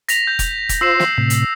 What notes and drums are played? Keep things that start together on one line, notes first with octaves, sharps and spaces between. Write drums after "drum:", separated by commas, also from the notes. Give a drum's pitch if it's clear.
A#6 B6 F7, drum: hi-hat
G6
drum: kick F1, hi-hat
drum: kick F1, hi-hat
F4 C5 E6 C7 E7
drum: snare
A2 C3
drum: hi-hat